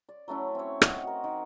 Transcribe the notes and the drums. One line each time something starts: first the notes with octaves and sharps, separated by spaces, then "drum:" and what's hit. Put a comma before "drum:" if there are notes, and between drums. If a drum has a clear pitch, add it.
D5
F#3 A3 C#4 E4
C4 C#5
D#5 F#5, drum: rim click
F#4 A#4
D#3